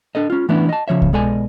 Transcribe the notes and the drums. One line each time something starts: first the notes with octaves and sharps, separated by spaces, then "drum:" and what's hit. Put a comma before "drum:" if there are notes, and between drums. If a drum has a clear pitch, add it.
D4 A4 D#5
C#4 F4
E3 A3 B3 C#4 D4 E4
D#5 A5
C#3 F3 C#5 E5
drum: kick C2
B2 G#3 A4 D5 D#5 G#5